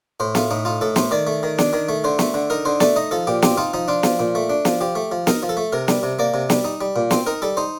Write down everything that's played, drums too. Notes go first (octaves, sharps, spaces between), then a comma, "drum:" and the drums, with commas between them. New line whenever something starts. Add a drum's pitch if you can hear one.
A2 C5
A3 F4, drum: snare
A2 D#4
D#4 F4
A2 A4
A3 C5, drum: snare
D#3 D5
A3
D#3
D4, drum: snare
D#3
A3
D3 C5
A3, drum: snare
D3
D#4 A#4
D3 C5
A3 D5, drum: snare
D#4 D#5
F3 A4
A#2 G4
C4 G4, drum: snare
D#4 F4
F3 D#4
D4 F4
F3, drum: snare
A#2
A3
D4
F3, drum: snare
F3 G4
A3
F3
D#4 A#4, drum: snare
F3
A4
A3
C3 A#4
G3, drum: snare
C3
A#3 D5
C3
G3, drum: snare
D#4
G3
A#2
C4 C5, drum: snare
D#4 A#4
G3 A4
D#4 C5